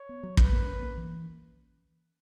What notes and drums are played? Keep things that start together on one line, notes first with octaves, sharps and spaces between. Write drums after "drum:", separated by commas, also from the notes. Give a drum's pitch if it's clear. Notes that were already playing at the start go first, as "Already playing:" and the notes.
Already playing: C#5
B3
F#3
C#4 B4, drum: kick
A#3
C#4
A#3
E3